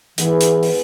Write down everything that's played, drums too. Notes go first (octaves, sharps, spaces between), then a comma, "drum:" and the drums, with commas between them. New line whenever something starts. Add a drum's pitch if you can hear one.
G#2 E3 G#3 B3 E4, drum: hi-hat
drum: hi-hat
drum: open hi-hat